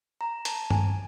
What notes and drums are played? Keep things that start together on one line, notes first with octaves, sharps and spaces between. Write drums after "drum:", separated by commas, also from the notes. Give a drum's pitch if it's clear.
A#5
A5, drum: hi-hat
G#5, drum: tom G2